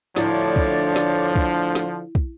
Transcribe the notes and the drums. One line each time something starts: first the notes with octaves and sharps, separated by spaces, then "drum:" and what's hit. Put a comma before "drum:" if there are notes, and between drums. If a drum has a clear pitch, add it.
D2 A2 D3 F3 D4 E4 C#5 D5, drum: snare
drum: kick
drum: snare
drum: kick
drum: snare
drum: kick